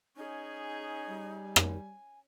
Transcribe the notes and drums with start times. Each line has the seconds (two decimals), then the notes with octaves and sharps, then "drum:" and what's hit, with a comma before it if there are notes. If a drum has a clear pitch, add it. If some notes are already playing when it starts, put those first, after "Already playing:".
0.16 C#4 D#4 G#4 G#5
1.09 G3
1.56 drum: rim click